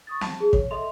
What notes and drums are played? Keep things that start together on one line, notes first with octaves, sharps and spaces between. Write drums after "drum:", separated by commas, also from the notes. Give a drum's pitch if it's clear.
C#6 D#6 A6
A5, drum: snare
G#4
C#5, drum: kick
A4 D#5 E5 C6 F7